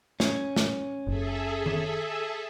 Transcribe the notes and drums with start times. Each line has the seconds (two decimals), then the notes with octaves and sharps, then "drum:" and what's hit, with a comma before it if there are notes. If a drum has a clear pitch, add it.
0.20 C#4, drum: snare
0.56 drum: snare
1.07 F#1 G#4 A4 E5
1.66 drum: tom D#3